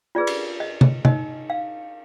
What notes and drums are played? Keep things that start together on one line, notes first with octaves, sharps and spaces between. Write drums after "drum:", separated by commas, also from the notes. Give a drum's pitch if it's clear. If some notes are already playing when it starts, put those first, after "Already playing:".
F4 G#4 B4 D5
drum: cymbal
D#5
drum: tom C3
D#4 A#4 D#5, drum: tom C3
F5